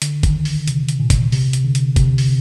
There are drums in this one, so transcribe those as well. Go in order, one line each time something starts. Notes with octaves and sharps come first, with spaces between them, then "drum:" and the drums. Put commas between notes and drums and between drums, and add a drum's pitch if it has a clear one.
D3, drum: hi-hat
D#3, drum: kick, hi-hat
drum: open hi-hat
C3, drum: hi-hat
drum: hi-hat
A#2
drum: kick, hi-hat
C3, drum: open hi-hat
drum: hi-hat
D3
drum: hi-hat
C3, drum: kick, hi-hat
drum: open hi-hat